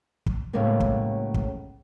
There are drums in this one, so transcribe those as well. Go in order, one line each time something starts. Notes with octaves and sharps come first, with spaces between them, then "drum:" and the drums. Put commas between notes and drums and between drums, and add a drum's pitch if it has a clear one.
drum: kick
A2 C#3 F#3 G#3 A#3 B3
drum: kick
drum: kick